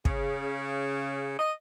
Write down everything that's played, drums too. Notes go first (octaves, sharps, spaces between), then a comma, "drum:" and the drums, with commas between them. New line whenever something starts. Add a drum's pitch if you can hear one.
C#3, drum: kick
D#5